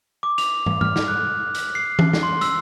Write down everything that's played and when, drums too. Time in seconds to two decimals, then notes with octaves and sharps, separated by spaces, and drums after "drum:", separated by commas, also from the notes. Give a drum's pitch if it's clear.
0.23 D6
0.38 F7, drum: hi-hat
0.66 drum: tom
0.81 F6, drum: tom
0.96 drum: snare
1.08 F#6
1.55 drum: hi-hat
1.75 C7
1.99 drum: tom E3
2.13 drum: snare
2.23 C6
2.41 E6, drum: hi-hat